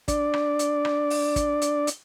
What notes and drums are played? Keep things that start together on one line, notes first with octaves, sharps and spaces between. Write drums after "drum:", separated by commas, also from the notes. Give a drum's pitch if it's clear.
D4 D5, drum: kick, hi-hat
drum: rim click
drum: hi-hat
drum: rim click
drum: open hi-hat
drum: kick, hi-hat
drum: hi-hat
drum: hi-hat